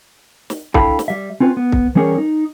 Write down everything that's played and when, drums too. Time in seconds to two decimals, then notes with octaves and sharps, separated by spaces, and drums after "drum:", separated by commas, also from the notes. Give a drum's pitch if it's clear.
0.50 drum: snare
0.74 D4 E4 A4 F5 G5 B5, drum: kick C2
0.99 drum: snare
1.08 G3 E5
1.40 C4 C#4 F4 B4
1.57 B3
1.72 drum: kick C2
1.95 E3 G3 C#4 G#4 A#4 C#5
2.18 D#4